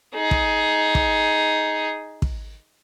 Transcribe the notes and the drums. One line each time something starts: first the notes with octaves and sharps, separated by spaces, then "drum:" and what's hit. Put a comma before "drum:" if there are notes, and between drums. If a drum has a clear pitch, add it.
D#4 G#4
drum: kick
drum: kick
drum: kick